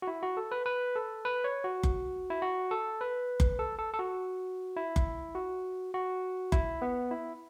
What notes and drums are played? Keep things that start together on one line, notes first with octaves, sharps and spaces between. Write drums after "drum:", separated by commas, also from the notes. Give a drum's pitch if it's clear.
F#4
E4
F#4
A4
B4
B4
A4
B4
C#5
F#4
drum: kick F#1
E4
F#4
A4
B4
drum: kick F#1
A4
A4
A4
F#4
E4
drum: kick F#1
F#4
F#4
E4, drum: kick F#1
B3
E4